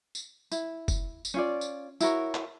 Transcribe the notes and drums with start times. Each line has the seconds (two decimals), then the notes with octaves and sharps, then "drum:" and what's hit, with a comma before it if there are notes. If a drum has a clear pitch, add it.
0.15 drum: tambourine
0.52 E4, drum: tambourine
0.88 drum: kick F#1, tambourine
1.25 drum: tambourine
1.34 C#4 F4 D5
1.61 drum: tambourine
2.01 E4 F#4 A#4 C#5, drum: tambourine
2.35 drum: clap